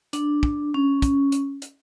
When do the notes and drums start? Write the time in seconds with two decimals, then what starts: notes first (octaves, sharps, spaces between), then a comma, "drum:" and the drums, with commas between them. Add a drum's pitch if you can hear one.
0.13 D4, drum: hi-hat
0.43 drum: kick
0.74 C#4
1.02 drum: kick, hi-hat
1.32 drum: hi-hat
1.62 drum: hi-hat